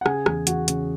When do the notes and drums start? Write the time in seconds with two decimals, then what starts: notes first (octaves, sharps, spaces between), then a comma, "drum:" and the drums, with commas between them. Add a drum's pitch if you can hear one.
0.01 F#5
0.06 C#3 G#4 G#5, drum: rim click
0.26 E2, drum: rim click
0.47 E2 F#4 F#5, drum: hi-hat
0.68 C#3, drum: hi-hat